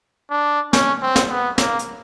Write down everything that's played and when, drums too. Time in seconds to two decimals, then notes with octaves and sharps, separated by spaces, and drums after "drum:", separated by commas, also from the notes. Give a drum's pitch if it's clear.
0.31 D4
0.73 C#4, drum: snare
1.02 C4
1.16 drum: snare
1.30 B3
1.58 A#3, drum: snare
1.79 drum: hi-hat